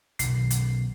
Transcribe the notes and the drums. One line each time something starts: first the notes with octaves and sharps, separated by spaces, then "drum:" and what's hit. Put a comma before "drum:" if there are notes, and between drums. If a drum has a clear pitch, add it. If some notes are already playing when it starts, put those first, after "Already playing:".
B1 D#3 C7, drum: hi-hat
drum: hi-hat